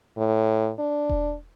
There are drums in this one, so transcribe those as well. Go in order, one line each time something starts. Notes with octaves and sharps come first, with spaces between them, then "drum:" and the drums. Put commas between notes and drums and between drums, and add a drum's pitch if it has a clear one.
A2
D4
drum: kick E1